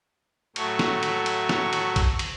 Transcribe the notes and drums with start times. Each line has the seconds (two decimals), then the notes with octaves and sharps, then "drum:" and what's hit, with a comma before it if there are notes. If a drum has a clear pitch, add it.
0.56 A2 F#3 A3 C#6, drum: cymbal
0.79 drum: snare
1.03 drum: cymbal
1.26 drum: cymbal
1.49 drum: snare
1.73 drum: cymbal
1.96 drum: kick A#1, cymbal
2.19 drum: cymbal